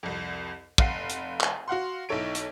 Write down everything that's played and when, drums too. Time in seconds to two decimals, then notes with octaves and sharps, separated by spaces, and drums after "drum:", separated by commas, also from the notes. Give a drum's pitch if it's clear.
0.03 C2 F2
0.78 F1 F5 F#5 C7, drum: kick
1.10 drum: hi-hat
1.41 drum: clap
1.68 F#4 F5 F#5 C6
2.09 B1 D#4 E4 A4 C#5 D7
2.35 drum: hi-hat